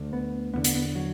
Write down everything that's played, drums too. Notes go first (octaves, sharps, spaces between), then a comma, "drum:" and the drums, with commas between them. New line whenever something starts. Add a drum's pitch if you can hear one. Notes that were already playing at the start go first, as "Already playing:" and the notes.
Already playing: D2 D3
B3
E2 D3 B3
B3, drum: hi-hat
B3
F#3